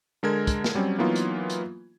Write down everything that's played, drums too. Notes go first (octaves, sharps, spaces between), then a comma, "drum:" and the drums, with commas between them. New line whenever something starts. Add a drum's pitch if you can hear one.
D3 G#3 A#4 G#6
drum: kick, hi-hat
drum: snare
F#3 G3 C4 C#4
E3 F#3 A#3 B3 D#4 F4
drum: hi-hat
drum: hi-hat